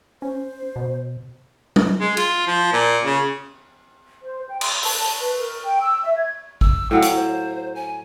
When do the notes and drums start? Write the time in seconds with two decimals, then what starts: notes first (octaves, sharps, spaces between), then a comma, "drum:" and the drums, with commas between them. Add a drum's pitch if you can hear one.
0.22 C#4 C5
0.76 B2
1.76 drum: tom
1.99 G#3
2.17 F4, drum: cymbal
2.47 F3
2.73 A#2
3.04 C#3
4.23 C5
4.49 G5
4.61 C6, drum: cymbal
4.83 A5, drum: open hi-hat
5.18 B4
5.38 A#4
5.64 G5
5.81 E6
6.03 E5
6.17 G#6
6.61 E6, drum: kick A1
6.91 A2 F#3 F5 G5
7.02 drum: hi-hat
7.15 C5
7.75 G#5